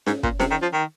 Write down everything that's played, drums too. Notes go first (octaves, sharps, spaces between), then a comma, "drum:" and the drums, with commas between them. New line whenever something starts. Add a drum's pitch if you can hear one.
G#2, drum: snare C#4
A#2, drum: kick
C3, drum: snare C#4
D#3
F3
D#3